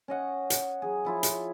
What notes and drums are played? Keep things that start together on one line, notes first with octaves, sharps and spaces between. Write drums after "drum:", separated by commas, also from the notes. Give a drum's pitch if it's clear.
C#4 D#5 F#5
drum: hi-hat
F#3 G#4
F3 E4 F4
drum: hi-hat